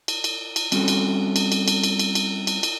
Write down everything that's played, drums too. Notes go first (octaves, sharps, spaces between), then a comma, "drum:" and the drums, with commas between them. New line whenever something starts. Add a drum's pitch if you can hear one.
drum: cymbal
drum: cymbal
drum: cymbal
G3 C4 C#4 F#4 A4, drum: cymbal
drum: cymbal
drum: cymbal
drum: cymbal
drum: cymbal
drum: cymbal
drum: cymbal
drum: cymbal
drum: cymbal
drum: cymbal